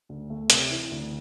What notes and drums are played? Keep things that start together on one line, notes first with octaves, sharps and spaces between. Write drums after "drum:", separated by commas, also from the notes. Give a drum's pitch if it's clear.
D2
A3
C3, drum: hi-hat
E3
D2